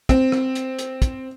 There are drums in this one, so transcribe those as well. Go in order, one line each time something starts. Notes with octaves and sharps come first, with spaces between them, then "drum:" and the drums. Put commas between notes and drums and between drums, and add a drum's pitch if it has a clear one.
C4, drum: kick, hi-hat
drum: rim click
drum: hi-hat
drum: hi-hat
drum: kick, hi-hat